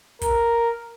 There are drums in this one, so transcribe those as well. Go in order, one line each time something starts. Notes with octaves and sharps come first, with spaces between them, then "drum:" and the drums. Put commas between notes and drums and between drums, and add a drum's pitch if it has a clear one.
A#4, drum: kick, hi-hat